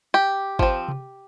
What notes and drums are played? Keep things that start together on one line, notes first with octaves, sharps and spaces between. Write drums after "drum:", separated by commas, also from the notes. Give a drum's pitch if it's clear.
G4
F3 C4, drum: kick G#1
drum: tom C3